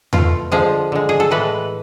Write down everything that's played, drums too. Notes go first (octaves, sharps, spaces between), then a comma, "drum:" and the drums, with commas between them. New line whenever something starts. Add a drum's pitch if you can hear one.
B2 A3 F4, drum: tom E2
D3 F3 G#3 G#4
D3 G#3
G#4
A4
A2 E3 G#3 B4